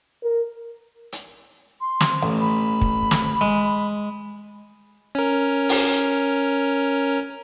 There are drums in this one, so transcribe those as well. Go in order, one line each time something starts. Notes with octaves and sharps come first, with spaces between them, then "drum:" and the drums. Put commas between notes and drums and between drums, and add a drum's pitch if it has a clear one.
A#4
drum: hi-hat
C6
drum: snare
A1
B5
drum: kick
drum: snare
G#3
C#4 A#4
drum: open hi-hat